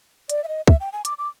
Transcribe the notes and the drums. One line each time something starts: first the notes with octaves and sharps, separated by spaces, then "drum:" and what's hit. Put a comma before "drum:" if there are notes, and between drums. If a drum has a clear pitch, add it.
D5, drum: hi-hat
E5
D#5
E5, drum: kick
G5
G#5
D6, drum: hi-hat
D6